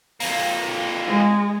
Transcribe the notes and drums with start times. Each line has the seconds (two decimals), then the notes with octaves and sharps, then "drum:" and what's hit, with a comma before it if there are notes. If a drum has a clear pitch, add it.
0.20 F2 A#3, drum: open hi-hat
1.07 G#3